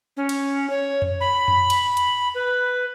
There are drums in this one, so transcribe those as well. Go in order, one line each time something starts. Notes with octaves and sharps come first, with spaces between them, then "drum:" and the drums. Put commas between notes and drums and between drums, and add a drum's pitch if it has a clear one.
C#4
drum: cymbal
C#5
drum: tom F2
B5
drum: tom F2
drum: cymbal
drum: hi-hat
B4